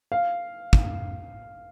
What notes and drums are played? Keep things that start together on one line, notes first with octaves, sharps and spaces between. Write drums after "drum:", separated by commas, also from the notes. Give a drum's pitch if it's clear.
F5
drum: kick